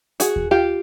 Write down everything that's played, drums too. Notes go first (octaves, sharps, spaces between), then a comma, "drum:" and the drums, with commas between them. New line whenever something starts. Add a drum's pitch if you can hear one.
F#4 G#4, drum: hi-hat
drum: kick D#2
F4 G4